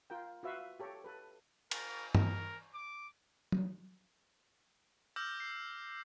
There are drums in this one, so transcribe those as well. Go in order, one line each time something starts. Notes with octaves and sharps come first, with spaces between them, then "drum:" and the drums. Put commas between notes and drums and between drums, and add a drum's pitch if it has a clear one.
F4 A#4 G5
F4 F#4 B4 E5 F5
G4 A4 C#5
A4 B4
A#4, drum: cymbal
A#4, drum: tom G2
D6
drum: tom F#3
D6 E6 F6 G6 A#6
C7